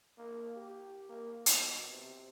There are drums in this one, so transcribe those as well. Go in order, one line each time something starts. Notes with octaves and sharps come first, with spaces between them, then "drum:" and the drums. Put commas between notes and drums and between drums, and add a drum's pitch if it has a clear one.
A#3
G4
A#3
B2, drum: hi-hat
C3